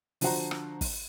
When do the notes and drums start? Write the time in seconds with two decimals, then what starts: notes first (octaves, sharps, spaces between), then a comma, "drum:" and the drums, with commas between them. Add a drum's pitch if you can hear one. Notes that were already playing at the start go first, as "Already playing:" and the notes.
0.21 D3 F3 F#4 C5 F#5 A#5, drum: open hi-hat
0.51 drum: rim click
0.81 drum: kick, open hi-hat